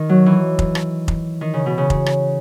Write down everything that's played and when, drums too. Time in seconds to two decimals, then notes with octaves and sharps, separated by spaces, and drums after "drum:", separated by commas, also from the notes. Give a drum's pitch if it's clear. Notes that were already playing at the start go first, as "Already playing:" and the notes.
Already playing: D#3
0.09 F#3
0.26 E3
0.59 drum: kick F1
0.75 drum: rim click
1.08 drum: kick F1
1.41 D#3
1.54 C#3
1.66 B2
1.78 C#3
1.90 drum: kick F1
2.06 drum: rim click